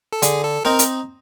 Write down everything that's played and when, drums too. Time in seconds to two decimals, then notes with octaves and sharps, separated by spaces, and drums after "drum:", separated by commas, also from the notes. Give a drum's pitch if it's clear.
0.13 A4
0.22 D3 G#4, drum: hi-hat
0.44 A4
0.65 C4 D#4 A#4
0.79 drum: hi-hat